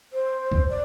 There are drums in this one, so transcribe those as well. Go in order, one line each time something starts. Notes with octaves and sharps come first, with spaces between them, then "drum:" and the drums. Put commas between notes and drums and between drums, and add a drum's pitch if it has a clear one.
C5
drum: kick
D5